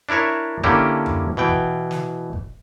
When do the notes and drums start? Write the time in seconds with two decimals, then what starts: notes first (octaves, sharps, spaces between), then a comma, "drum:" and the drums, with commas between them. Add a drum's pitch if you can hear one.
0.09 D4 E4 A#4 C#5 E5
0.63 D3 A#3 C#4 E4 G4 G5, drum: kick
1.06 drum: tom F2
1.37 B2 E3 G5
1.48 drum: kick
1.91 drum: snare
2.33 drum: kick